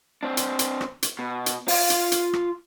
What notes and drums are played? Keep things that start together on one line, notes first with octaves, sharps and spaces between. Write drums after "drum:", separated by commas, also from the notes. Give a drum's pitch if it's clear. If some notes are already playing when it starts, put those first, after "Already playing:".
C4 D4
drum: hi-hat
drum: hi-hat
drum: rim click
drum: hi-hat
B2
drum: hi-hat
F4 F5, drum: open hi-hat
drum: hi-hat
drum: hi-hat
drum: rim click